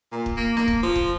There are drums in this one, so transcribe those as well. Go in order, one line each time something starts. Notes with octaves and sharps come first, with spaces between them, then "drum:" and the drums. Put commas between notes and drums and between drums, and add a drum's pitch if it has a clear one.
A#2
drum: kick
A#3
A#3, drum: snare
drum: kick
F3
drum: kick